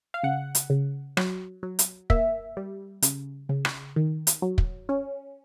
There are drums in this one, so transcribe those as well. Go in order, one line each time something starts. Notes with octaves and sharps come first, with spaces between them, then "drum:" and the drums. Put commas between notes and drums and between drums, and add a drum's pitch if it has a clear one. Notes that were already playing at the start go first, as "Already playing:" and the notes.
F5
C#3 F#5
drum: hi-hat
C#3
F#3, drum: rim click
F#3
drum: hi-hat
A#3 E5, drum: kick
G3
C#3, drum: hi-hat
C#3
drum: rim click
D#3
drum: hi-hat
F#3
drum: kick
C#4